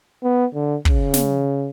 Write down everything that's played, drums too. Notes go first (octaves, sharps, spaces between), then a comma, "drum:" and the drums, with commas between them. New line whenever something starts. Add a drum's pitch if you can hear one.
B3
D3
C#3, drum: kick
drum: snare